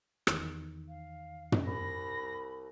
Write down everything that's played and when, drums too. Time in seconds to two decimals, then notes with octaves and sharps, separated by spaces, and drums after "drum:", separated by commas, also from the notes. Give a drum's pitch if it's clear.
0.27 E2 D#3, drum: rim click
0.89 F5
1.52 drum: tom
1.66 C2 B5 A#6